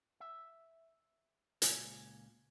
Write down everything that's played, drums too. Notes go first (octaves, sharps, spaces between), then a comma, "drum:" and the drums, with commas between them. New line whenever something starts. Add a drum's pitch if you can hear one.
E5
C#2 A#2 G#5, drum: hi-hat